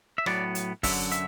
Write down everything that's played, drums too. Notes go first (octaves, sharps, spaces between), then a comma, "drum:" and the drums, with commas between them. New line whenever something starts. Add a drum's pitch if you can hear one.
E5
A2 F#3 B3 D5, drum: rim click
drum: hi-hat
F#2 D3 F#3 E5, drum: kick, open hi-hat
E5, drum: hi-hat